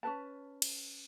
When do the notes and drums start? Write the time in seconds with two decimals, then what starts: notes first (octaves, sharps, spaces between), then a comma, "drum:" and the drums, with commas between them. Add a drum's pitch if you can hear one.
0.03 C#4 A4 B4 A5
0.62 drum: cymbal